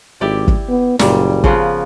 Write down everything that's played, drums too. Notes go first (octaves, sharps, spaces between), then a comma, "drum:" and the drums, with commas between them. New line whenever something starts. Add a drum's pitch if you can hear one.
G#1 E4 G4 D5
drum: kick
B3
F#1 A#2 G3, drum: snare
C#3 F3 B3, drum: kick